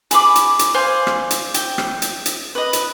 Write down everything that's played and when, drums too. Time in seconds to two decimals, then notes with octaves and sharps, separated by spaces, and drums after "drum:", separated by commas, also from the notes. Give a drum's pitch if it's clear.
0.11 G#4 B5 D6, drum: hi-hat
0.35 drum: hi-hat
0.59 drum: hi-hat
0.74 C5 D5 F5 G#5
1.07 drum: rim click
1.30 drum: hi-hat
1.54 G5, drum: hi-hat
1.78 drum: rim click
2.02 drum: hi-hat
2.26 drum: hi-hat
2.55 B4 D#5
2.73 drum: hi-hat